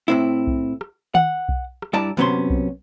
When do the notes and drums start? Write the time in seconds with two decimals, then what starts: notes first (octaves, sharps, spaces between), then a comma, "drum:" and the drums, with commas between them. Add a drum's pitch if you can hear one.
0.08 A2 C4 E4
0.47 drum: kick B1
0.81 drum: rim click
1.15 F#5, drum: tom D#3
1.49 drum: kick B1
1.82 drum: rim click
1.93 G2 E4 D5 A5 A#5
2.17 F#2 C3 B3 C#4 C5 C6, drum: tom D3
2.50 drum: kick B1